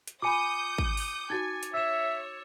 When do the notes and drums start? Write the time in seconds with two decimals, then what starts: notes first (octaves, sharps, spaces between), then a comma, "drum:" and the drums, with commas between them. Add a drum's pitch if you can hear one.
0.08 drum: hi-hat
0.22 F4 G#5 B5 D6 D#6 G6 C#7 D#7
0.78 drum: kick
0.97 drum: open hi-hat
1.30 D#4 F#4 G#5 G#6 A6
1.63 drum: hi-hat
1.74 C#5 E5 E6 E7